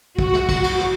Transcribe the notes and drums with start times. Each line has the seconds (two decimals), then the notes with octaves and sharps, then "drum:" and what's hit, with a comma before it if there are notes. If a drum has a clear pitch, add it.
0.19 F#4, drum: kick
0.34 drum: rim click
0.49 drum: kick, cymbal
0.64 drum: cymbal
0.79 drum: rim click